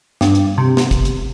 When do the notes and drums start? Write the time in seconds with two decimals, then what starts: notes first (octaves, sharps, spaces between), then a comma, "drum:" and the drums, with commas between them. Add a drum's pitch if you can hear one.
0.21 G2, drum: snare
0.35 drum: hi-hat
0.58 C3
0.77 drum: snare
0.91 drum: kick, hi-hat
1.05 drum: hi-hat